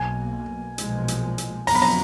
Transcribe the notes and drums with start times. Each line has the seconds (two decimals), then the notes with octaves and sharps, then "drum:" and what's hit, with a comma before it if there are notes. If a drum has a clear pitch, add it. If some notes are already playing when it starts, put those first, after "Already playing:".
Already playing: B1 B2 A#3 G#5
0.78 B1 A#2 F3 G#3, drum: hi-hat
1.08 drum: hi-hat
1.38 drum: hi-hat
1.67 F2 D3 F#3 B3 A#5, drum: open hi-hat
1.75 B5
1.82 A#5